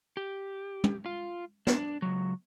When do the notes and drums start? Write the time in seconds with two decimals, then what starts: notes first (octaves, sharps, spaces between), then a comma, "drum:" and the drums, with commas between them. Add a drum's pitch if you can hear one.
0.17 G4
0.84 drum: tom
1.06 F4
1.67 D4, drum: snare
2.02 C#2 F#3